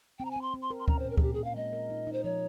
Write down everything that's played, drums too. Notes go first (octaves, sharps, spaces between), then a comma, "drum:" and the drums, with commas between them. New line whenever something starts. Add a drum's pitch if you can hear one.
C4 G5
A#5
G#5
C4
C6
C4
C6
A#4
C6
C#4 A#5, drum: kick D2
C5
A#2
A#4
G#4, drum: kick D2
A#2 G4
G#4
A#2
F5
G#3 D#5
A#4
D#4
D#4
C5
F3 C#5